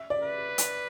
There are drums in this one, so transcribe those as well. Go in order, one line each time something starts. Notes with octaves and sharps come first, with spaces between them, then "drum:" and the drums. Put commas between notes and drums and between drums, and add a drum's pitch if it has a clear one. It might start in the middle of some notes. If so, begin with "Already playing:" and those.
Already playing: E5
D5
B4
drum: hi-hat